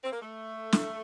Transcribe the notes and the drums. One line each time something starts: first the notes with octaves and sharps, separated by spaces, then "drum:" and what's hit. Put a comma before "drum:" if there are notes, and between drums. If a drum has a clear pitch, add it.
C4
A#3
A3
drum: snare